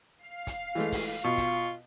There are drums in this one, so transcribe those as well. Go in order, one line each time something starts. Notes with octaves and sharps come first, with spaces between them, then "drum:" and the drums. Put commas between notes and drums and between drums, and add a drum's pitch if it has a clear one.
F5
drum: kick, hi-hat
E3 G#3 A3
drum: kick, open hi-hat
B2 F4 C#6
drum: kick, hi-hat